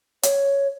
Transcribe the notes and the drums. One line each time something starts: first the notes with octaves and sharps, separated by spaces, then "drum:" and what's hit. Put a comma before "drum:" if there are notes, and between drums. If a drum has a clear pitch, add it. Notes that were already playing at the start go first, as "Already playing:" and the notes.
C#5, drum: hi-hat